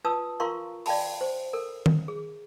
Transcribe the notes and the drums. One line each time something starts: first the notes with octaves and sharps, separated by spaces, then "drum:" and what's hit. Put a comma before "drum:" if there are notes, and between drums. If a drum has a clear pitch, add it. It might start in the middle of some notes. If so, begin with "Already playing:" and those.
F4 B4 A5 D#6 E6
F4 A#4 F5 A#5 C6 C#6
D5 F5 G5 A5 B5, drum: open hi-hat
C5
A4 A#4
drum: tom D#3
G#4